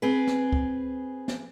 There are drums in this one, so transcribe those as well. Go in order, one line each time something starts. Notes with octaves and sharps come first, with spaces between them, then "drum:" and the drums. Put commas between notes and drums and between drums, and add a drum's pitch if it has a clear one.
C4 G#4 B4
drum: snare
drum: kick C#2
drum: snare